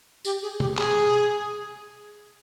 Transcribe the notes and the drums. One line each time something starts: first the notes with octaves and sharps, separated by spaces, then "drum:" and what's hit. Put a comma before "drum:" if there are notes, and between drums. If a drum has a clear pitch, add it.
G4, drum: tambourine
G#4
G4, drum: tom B2
G#4, drum: clap